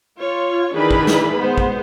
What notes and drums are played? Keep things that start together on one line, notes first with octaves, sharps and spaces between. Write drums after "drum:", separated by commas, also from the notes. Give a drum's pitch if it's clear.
F4 C#5
D#3 E3 D4 G#4 B4 B5
drum: kick
drum: snare
G#3 B3 C5
drum: kick